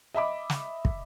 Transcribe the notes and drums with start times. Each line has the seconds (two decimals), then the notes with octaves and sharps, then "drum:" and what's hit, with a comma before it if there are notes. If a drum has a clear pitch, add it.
0.14 D#5 E5 B5 D6
0.50 drum: snare
0.85 drum: kick